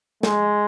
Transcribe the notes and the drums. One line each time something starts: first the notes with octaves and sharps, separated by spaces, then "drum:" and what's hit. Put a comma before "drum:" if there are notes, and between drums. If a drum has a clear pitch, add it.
G#3, drum: snare